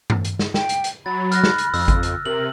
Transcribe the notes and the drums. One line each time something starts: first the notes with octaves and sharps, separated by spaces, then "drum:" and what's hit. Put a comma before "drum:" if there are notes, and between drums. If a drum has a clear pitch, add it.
drum: tom G2
drum: hi-hat
drum: snare
G5, drum: snare
drum: hi-hat
drum: hi-hat
F#3 B5 A6
F6 F#6 A#6, drum: hi-hat
drum: snare
drum: hi-hat
F2 E6, drum: open hi-hat
drum: kick G#1, hi-hat
drum: hi-hat
C3 A#4 F#7